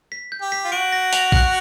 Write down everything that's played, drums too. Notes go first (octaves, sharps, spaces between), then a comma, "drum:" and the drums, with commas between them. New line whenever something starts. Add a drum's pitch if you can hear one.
B6
G6
G4
B6
F4
F#4 D7
A#6
F7, drum: open hi-hat
F#6, drum: kick A#1